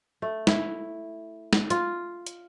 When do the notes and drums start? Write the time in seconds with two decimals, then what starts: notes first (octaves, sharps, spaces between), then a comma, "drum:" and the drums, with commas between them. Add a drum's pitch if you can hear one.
0.22 A3
0.47 E4, drum: snare
1.53 drum: snare
1.70 F4, drum: hi-hat
2.27 drum: hi-hat